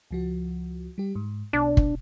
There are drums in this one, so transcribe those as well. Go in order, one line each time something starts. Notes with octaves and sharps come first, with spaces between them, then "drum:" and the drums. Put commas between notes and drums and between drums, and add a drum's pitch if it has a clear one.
C#2 F3 F#4
G3 G4
G#2
B1 B2 D4
drum: kick